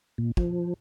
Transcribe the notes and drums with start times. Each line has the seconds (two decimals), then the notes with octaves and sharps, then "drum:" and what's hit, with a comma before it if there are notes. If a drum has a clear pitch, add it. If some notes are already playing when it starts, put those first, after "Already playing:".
0.18 A#2
0.37 F3, drum: kick